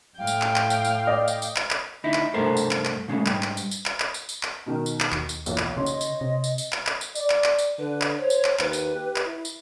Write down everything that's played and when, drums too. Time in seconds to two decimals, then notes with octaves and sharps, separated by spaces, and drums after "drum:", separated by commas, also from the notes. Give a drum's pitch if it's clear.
0.18 A2 F5 G5
0.27 drum: tambourine
0.42 drum: clap
0.56 drum: clap
0.70 drum: tambourine
0.85 drum: tambourine
1.07 D5 D#5
1.28 drum: tambourine
1.42 drum: tambourine
1.56 drum: clap
1.71 drum: clap
2.04 D2 D#4 E4
2.14 drum: clap
2.34 C2 G2 A3 A4 A#4 C5
2.57 drum: tambourine
2.71 drum: clap
2.85 drum: clap
3.08 A#2 C#3 G#3 A3
3.26 G#2 G3, drum: clap
3.43 drum: clap
3.57 drum: tambourine
3.71 drum: tambourine
3.86 drum: clap
4.00 drum: clap
4.14 drum: tambourine
4.29 drum: tambourine
4.43 drum: clap
4.66 B2 D#3 A#4
4.86 drum: tambourine
5.00 drum: clap
5.12 D#2, drum: clap
5.29 drum: tambourine
5.46 B1 A#2 E3, drum: tambourine
5.58 drum: clap
5.77 C#3 C#5 D#5 C6
5.86 drum: tambourine
6.01 drum: tambourine
6.21 C3
6.44 drum: tambourine
6.58 drum: tambourine
6.72 drum: clap
6.87 drum: clap
7.01 drum: tambourine
7.15 D5, drum: tambourine
7.30 drum: clap
7.44 drum: clap
7.58 drum: tambourine
7.78 D3 B4
8.01 drum: clap
8.19 C5 C#5
8.30 drum: tambourine
8.44 drum: clap
8.59 D#2 B4, drum: clap
8.73 drum: tambourine
8.96 G4
9.16 drum: clap
9.26 E4
9.45 drum: tambourine